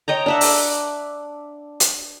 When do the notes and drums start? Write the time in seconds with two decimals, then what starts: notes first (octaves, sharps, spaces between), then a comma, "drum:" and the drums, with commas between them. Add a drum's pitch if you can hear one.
0.08 C#5 D#5 G5 A#5
0.26 D4 E5 F#5
0.41 drum: open hi-hat
1.80 drum: hi-hat